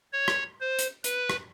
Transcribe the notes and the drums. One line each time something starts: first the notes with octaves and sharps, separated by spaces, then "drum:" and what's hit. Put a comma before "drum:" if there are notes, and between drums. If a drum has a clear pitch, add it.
C#5
drum: rim click
C5
drum: hi-hat
B4, drum: hi-hat
drum: rim click